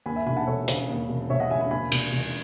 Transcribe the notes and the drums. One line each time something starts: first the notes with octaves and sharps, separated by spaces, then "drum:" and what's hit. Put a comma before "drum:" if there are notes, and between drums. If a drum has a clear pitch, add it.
D#2 G#5 B5
E5 G#5
E1 G#5 B5
F#5 A5
E1 A4 C#5
C#3, drum: hi-hat
D#2
E1
E1 C#5 E5
D#5 F#5
C#3 E5 G#5
G#5 B5
D#2 G#5 B5
E1, drum: cymbal
E1